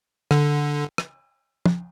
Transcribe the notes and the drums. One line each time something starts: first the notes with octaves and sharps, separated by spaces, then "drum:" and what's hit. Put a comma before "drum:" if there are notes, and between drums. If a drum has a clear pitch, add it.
D3, drum: rim click
drum: rim click
drum: tom